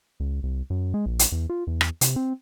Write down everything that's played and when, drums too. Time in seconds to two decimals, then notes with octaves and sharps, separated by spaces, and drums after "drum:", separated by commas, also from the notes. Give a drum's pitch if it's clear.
0.20 C#2
0.43 C2
0.70 F#2
0.94 G#3
1.06 A#1
1.19 drum: hi-hat
1.32 E2
1.50 F4
1.67 E2
1.81 drum: rim click
2.01 C3, drum: hi-hat
2.16 C4